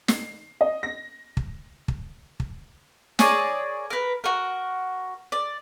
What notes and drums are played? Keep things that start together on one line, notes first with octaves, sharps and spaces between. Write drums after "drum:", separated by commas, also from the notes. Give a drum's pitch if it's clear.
C7, drum: snare
D#5
A#6
drum: kick
drum: kick
drum: kick
G#4 A#4 C#5 D5, drum: snare
A#4 B4
F#4 A#4
D5